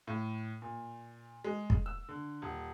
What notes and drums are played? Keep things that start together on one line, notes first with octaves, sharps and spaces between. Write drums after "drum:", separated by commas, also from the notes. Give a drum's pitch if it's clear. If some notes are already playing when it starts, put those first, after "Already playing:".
A2
A#2
G#3
drum: kick
E6
D3
D#1